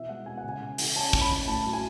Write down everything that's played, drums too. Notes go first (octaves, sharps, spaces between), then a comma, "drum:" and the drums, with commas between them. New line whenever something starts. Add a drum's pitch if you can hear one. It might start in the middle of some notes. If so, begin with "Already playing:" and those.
Already playing: B2 E3 E5
G#3 F#5
B2 G#5
F#5
C#3 G#5
C#3
E3, drum: open hi-hat
C#4 A5
C#4, drum: kick
B5
C#4
A2 A5
F#3
G#5